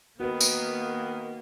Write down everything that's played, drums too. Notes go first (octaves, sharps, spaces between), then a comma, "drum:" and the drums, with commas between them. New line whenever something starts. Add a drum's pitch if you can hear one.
D#3 A#3 B3 F#4 B4
drum: tambourine